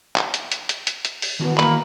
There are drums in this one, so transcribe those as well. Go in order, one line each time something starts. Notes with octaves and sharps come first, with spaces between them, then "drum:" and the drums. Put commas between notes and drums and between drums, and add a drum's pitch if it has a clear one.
drum: clap
drum: hi-hat
drum: hi-hat
drum: hi-hat
drum: hi-hat
drum: hi-hat
drum: open hi-hat
D#3 E3 B3 F#4
A#3 B5, drum: clap